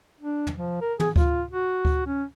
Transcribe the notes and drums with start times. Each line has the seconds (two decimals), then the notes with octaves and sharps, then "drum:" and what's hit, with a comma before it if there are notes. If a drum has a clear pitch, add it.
0.21 D4
0.47 drum: tom
0.56 F3
0.82 A#4
1.00 G#4, drum: tom
1.16 F4, drum: kick D2
1.51 F#4
1.85 drum: kick D2
2.06 C#4